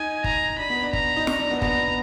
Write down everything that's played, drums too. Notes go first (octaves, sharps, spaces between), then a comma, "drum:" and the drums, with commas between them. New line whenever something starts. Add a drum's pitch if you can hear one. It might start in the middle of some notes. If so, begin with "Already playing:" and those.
Already playing: D#4 G#5
A#5, drum: kick
D4 B5
B3
D4
A#5, drum: kick
D#4
D4, drum: snare
D4
B3
B3 A#5, drum: kick